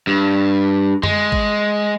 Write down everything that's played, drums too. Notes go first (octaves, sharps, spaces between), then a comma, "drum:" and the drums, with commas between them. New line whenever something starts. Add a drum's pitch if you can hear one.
G2
G#3, drum: tom F#2
drum: kick